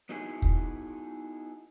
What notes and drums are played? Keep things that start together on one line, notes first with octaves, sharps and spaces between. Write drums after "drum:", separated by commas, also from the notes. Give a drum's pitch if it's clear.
B3 D#4 E4 F#4 G#4
drum: kick